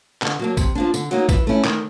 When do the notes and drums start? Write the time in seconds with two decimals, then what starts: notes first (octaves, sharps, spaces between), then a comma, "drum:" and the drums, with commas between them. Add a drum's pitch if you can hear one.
0.22 D3, drum: clap
0.39 F#3 A#3 D4
0.57 C3, drum: kick, tambourine
0.75 F3 A#3 D4
0.94 D3, drum: tambourine
1.11 F#3 A#3 D#4
1.29 E3, drum: kick, tambourine
1.47 A3 C#4 E4
1.65 D#3, drum: clap